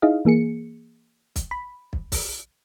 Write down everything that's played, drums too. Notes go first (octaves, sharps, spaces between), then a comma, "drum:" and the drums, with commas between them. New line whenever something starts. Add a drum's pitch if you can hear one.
D#4 E4 G#4 D#5 F5
E3 A#3 G#4 C#7
drum: kick, hi-hat
B5
drum: kick
drum: kick, open hi-hat